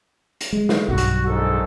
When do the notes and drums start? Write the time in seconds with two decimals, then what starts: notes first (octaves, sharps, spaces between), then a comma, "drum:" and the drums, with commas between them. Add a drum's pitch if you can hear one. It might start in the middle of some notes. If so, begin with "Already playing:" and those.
0.41 drum: hi-hat
0.53 G#3
0.69 drum: snare
0.88 B1 G2 F#4
0.98 drum: hi-hat
1.26 A#1 G#2 A4